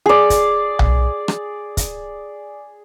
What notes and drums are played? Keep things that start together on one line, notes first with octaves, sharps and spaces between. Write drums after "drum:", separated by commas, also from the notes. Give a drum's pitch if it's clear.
G#4 D5
drum: kick, hi-hat
drum: tom B1
drum: rim click
drum: kick, hi-hat